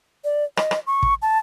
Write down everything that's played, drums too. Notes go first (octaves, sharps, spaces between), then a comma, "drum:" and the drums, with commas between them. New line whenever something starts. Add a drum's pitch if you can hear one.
D5
D#5, drum: rim click
drum: rim click
C#6
drum: kick
A5